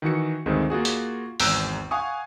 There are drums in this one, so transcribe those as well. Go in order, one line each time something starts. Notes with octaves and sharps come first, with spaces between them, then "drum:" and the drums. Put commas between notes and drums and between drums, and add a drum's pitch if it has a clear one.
D#3 E3 F#4 C#7
D2 G2 D#3 G#3 A3 C4
A#3 F4 F#4 G#4
drum: hi-hat
G#1 E2 A#5 E6 G6 D7, drum: open hi-hat
F5 F#5 G#5 C#6 D#6